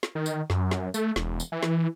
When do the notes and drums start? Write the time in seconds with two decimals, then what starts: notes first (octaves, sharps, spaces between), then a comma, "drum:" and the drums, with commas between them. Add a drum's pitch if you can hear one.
0.03 drum: snare
0.15 D#3
0.26 drum: tambourine
0.50 F#2, drum: snare
0.71 drum: snare
0.94 A3, drum: tambourine
1.16 E1, drum: snare
1.40 drum: tambourine
1.52 E3
1.63 drum: snare